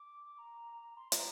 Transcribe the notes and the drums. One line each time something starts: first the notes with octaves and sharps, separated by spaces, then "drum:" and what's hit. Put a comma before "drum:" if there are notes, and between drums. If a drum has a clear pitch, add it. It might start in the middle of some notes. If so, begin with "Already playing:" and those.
Already playing: D6
A#5
C6
A#5, drum: hi-hat